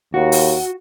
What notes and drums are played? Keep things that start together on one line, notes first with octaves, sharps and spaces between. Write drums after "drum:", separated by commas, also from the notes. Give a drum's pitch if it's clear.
D#2 F#4
drum: open hi-hat